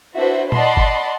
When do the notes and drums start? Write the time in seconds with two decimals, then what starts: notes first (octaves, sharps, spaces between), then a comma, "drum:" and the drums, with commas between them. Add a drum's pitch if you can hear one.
0.16 D4 E4 F#4 B4 C5 E5
0.52 D5 D#5 F#5 A5 B5 C6, drum: tom A#2
0.77 drum: kick